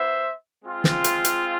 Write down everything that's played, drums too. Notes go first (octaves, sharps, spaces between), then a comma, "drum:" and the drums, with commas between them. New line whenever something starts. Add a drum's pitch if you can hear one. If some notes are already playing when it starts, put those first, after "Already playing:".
Already playing: B3 E4 C5 E5
G#3 C4 F4
drum: snare
drum: hi-hat
drum: hi-hat